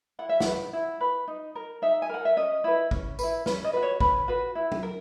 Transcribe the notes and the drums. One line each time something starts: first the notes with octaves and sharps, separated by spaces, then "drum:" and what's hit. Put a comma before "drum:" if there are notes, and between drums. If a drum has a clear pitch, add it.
E4 F#5
E5
F#5, drum: snare
B4
E4
B4
D#4
A#4
D#4 E5
G#5
A#4 F#5
E5
C#4 D#5
E4 B4
C#4, drum: kick
E4 B4, drum: tambourine
C#4 B4, drum: snare
D#5
F#4 B4
C#5
C#4 B4, drum: kick
F#4 B4
E4
drum: tom
A#4